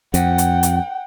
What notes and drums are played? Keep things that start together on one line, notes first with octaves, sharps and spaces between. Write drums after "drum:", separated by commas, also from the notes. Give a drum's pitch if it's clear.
F2 F#5 G5, drum: hi-hat
drum: hi-hat
drum: hi-hat